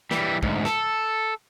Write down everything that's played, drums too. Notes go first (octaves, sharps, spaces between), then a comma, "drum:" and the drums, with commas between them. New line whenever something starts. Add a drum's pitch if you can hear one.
E3 G3, drum: snare
D2 G#2, drum: kick
A4, drum: snare